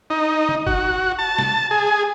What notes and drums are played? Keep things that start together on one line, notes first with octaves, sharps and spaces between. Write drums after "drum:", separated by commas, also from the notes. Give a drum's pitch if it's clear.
D#4
drum: tom
F#4, drum: kick
A5
drum: snare
G#4